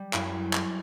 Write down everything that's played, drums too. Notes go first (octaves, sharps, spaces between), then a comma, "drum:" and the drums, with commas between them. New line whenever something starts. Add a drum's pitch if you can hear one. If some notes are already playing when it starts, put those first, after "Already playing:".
Already playing: G3
F#2 E4, drum: clap
drum: clap